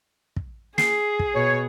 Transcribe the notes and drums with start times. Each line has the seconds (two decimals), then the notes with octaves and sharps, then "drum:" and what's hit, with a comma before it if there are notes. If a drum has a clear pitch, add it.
0.36 drum: kick
0.78 G#4 C7, drum: snare
1.19 drum: kick
1.35 B2 C#5